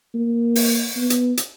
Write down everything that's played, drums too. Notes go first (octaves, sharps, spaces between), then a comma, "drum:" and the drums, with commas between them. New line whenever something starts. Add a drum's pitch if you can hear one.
A#3
drum: open hi-hat
B3
drum: hi-hat
drum: hi-hat